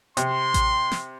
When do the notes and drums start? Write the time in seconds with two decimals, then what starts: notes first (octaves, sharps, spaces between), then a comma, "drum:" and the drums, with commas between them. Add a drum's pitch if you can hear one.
0.17 C3 C6, drum: hi-hat
0.54 drum: kick A1, hi-hat
0.91 drum: snare